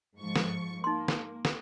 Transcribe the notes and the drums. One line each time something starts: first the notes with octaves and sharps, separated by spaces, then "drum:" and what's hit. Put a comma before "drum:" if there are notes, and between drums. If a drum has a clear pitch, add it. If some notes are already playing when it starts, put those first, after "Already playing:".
G#2 F3 C#6
drum: snare
A#3 D#4 C6
drum: snare
drum: snare